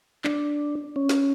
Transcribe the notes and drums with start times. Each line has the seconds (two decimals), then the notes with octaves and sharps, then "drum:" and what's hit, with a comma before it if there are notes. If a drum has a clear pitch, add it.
0.24 D4, drum: clap
0.96 C#4
1.09 drum: snare